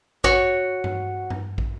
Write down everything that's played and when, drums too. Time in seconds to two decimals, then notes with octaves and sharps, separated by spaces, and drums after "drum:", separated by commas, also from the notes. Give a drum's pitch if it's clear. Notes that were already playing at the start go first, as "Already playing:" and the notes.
0.24 F#4 C#5, drum: kick
0.84 drum: tom G2
1.30 drum: tom G2
1.58 drum: kick